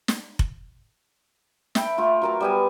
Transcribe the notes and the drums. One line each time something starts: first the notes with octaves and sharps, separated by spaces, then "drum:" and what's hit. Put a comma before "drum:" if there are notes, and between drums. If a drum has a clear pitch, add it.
drum: snare
drum: kick F1
E5 G5 A5 B5, drum: snare
A3 F4
F#3 A#4 A5
G3 B3 G#5